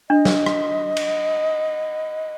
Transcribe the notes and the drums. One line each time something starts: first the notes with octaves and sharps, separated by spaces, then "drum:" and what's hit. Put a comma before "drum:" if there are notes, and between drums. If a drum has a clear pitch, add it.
D4 D#5
drum: snare
drum: rim click
drum: cymbal